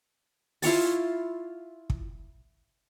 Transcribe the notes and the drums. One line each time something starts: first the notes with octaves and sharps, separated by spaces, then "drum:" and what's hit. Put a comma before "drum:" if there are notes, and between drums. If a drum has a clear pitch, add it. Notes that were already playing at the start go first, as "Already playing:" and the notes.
E4 F4 C#5 A5, drum: open hi-hat
drum: kick